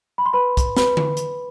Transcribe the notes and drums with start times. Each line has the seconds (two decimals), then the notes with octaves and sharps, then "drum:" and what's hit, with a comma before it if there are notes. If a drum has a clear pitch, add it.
0.18 B5
0.26 C6
0.33 B4 B5
0.57 drum: kick, hi-hat
0.77 B4 B5, drum: snare
0.97 drum: tom D3
1.17 drum: hi-hat